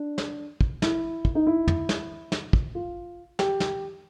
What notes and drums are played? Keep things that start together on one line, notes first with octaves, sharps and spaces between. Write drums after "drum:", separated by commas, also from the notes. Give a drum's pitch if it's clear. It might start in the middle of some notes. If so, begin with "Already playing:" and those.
Already playing: D4
drum: snare
drum: kick
E4, drum: snare
drum: kick
D#4
E4
drum: tom
drum: snare
drum: snare
drum: kick
F4
G4, drum: snare
drum: snare